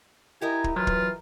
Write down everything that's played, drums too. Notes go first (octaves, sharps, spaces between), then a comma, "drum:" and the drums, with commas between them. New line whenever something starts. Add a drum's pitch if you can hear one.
E4 G4 A#4 D#5 G#5
drum: kick
E3 F#3 F4 B4
drum: kick